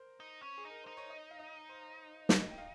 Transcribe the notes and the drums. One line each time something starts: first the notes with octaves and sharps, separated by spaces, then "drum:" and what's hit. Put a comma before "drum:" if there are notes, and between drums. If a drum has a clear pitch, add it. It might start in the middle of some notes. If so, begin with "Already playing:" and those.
Already playing: A#4 C5
D#4
C#4
G#4
D#4 A#4
D#4 C5
C#5
D#5
F5
D#5
C5
D#5, drum: snare
G5
F5